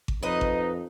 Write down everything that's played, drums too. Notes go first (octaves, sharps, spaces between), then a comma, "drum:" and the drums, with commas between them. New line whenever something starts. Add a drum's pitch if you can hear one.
drum: kick G#1
F2 D#4 B4 D#5
drum: kick G#1